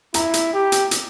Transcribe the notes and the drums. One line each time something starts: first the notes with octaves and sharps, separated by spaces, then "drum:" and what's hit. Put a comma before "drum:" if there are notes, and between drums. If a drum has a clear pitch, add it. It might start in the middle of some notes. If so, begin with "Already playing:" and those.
E4 A#5, drum: hi-hat
drum: hi-hat
G4
drum: hi-hat
drum: hi-hat